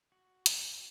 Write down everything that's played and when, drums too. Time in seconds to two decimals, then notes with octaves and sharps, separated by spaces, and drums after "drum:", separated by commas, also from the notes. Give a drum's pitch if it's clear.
0.12 F#4
0.46 drum: hi-hat
0.68 F#4